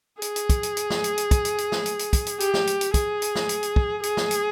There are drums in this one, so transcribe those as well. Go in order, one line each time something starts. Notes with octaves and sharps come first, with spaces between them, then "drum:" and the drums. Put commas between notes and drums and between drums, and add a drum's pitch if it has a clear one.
G#4, drum: hi-hat
drum: hi-hat
drum: kick, hi-hat
drum: hi-hat
drum: hi-hat
drum: snare
drum: hi-hat
drum: hi-hat
drum: kick, hi-hat
drum: hi-hat
drum: hi-hat
drum: snare
drum: hi-hat
drum: hi-hat
drum: kick, hi-hat
drum: hi-hat
G4, drum: hi-hat
drum: snare
drum: hi-hat
drum: hi-hat
G#4, drum: kick, hi-hat
drum: hi-hat
drum: snare
drum: hi-hat
drum: hi-hat
drum: kick
G#4, drum: hi-hat
drum: snare
drum: hi-hat